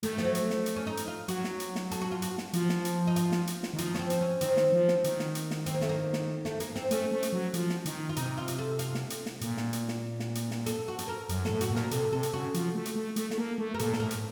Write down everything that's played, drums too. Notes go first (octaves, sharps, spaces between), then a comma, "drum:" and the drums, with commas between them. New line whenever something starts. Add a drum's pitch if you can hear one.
D#3 A3, drum: hi-hat
F3, drum: snare
F#3
drum: hi-hat
drum: snare
drum: hi-hat
C#4
D#4
drum: hi-hat
F4
F#3 F#4, drum: hi-hat
drum: snare
drum: hi-hat
drum: snare
A4, drum: hi-hat
F#4
F4
F#4, drum: hi-hat
drum: snare
F3, drum: hi-hat
drum: snare
drum: hi-hat
D#4
F4, drum: hi-hat
drum: snare
drum: hi-hat
drum: snare
D#3
F3 D#4, drum: hi-hat
C#4, drum: snare
C4
drum: hi-hat
C#4
D#3 C4, drum: hi-hat
drum: snare
F3
drum: snare
D#3, drum: hi-hat
drum: snare
drum: hi-hat
drum: snare
C4, drum: hi-hat
A#3
A3, drum: snare
A#3
drum: snare
A3, drum: snare
A#3, drum: hi-hat
C4, drum: snare
A3 C#4, drum: hi-hat
A3
drum: hi-hat
F#3
F3, drum: hi-hat
drum: snare
D#3, drum: hi-hat
F4
C3 D#4, drum: hi-hat
F4
drum: hi-hat
A4
F4, drum: hi-hat
drum: snare
drum: hi-hat
drum: snare
A#2, drum: hi-hat
drum: snare
drum: hi-hat
drum: snare
drum: snare
drum: hi-hat
drum: snare
A4, drum: hi-hat
F#4
A4, drum: hi-hat
A#4
F#2, drum: hi-hat
A2 A4, drum: snare
F#4, drum: hi-hat
A#2
A#4, drum: snare
C3 A4, drum: hi-hat
C3 A4
drum: hi-hat
C#3 F#4
F3, drum: hi-hat
A3
drum: hi-hat
A3
A3, drum: hi-hat
A3, drum: snare
A#3
A3
A#4
A#2 A4, drum: hi-hat
A4, drum: snare
A2 A#4
drum: hi-hat